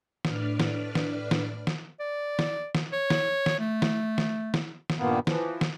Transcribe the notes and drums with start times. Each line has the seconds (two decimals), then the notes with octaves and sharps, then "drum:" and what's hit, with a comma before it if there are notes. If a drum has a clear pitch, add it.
0.25 A2 D4 B4 D5 F6, drum: snare
0.60 drum: snare
0.95 drum: snare
1.31 drum: snare
1.67 drum: snare
2.00 D5
2.39 drum: snare
2.75 drum: snare
2.92 C#5
3.10 drum: snare
3.46 drum: snare
3.59 A3
3.82 drum: snare
4.18 drum: snare
4.54 drum: snare
4.90 drum: snare
4.99 G2 A#2 D#3 A#3 B3
5.27 E3 F3, drum: snare
5.61 drum: snare